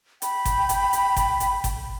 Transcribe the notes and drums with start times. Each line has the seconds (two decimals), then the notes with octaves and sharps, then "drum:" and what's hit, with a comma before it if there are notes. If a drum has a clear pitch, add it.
0.22 G5 B5, drum: hi-hat
0.45 drum: kick G1, hi-hat
0.69 drum: hi-hat
0.93 drum: hi-hat
1.16 drum: kick G1, hi-hat
1.40 drum: hi-hat
1.64 drum: kick G1, hi-hat